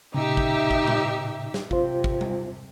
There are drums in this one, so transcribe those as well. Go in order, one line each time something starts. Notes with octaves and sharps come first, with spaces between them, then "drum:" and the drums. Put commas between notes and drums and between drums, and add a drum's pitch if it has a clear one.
A#2 C#3 D#4 G4 E5
drum: kick G#1
drum: kick G#1
drum: tom A2
drum: snare
C3 F4 C5, drum: kick G#1
drum: kick G#1
drum: tom G3